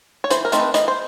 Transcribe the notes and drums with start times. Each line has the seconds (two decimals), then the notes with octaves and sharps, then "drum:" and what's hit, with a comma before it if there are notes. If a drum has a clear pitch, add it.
0.24 C#5
0.30 E3 C5, drum: hi-hat
0.45 A#4
0.52 A3 C4 D#4, drum: hi-hat
0.60 B4
0.74 E3 D#5, drum: hi-hat
0.88 C5